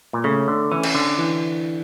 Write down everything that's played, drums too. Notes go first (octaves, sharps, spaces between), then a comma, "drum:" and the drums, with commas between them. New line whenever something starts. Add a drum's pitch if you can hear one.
A#2
C#3 A3
D3
E3 C#4
drum: cymbal
D3
E3